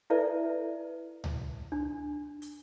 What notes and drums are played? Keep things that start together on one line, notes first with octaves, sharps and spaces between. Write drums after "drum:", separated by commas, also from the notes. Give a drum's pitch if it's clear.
E4 A4 B4 D5 E5
drum: tom C#2
D4
drum: hi-hat